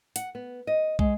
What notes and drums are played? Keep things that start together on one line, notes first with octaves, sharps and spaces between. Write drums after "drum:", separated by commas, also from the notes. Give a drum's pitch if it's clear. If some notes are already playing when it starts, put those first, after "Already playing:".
F#5, drum: hi-hat
B3
D#5
G#3, drum: kick